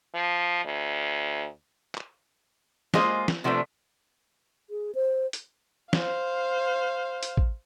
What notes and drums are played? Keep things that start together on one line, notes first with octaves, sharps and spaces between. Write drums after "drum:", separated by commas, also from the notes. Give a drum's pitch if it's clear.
F3
D2
drum: clap
G#3 A#3 F4 G#4 C5 D#5, drum: snare
drum: snare
C3 F3 A3 B3 D4
G#4
C5
drum: hi-hat
C5 F5, drum: snare
drum: hi-hat
drum: kick